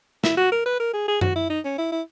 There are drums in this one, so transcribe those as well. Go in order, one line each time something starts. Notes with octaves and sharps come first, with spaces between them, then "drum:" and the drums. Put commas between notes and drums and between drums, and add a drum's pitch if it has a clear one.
E4, drum: snare
F#4
A#4
B4
A#4
G#4
G#4
F#4, drum: tom F#2
E4
D#4
C#4
E4
E4